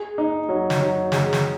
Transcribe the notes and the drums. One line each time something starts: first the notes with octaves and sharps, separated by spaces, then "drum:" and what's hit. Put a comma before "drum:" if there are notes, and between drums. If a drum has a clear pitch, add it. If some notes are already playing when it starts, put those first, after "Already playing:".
Already playing: G#4
D#4
F#3
drum: snare
F#3
G#4, drum: snare
drum: snare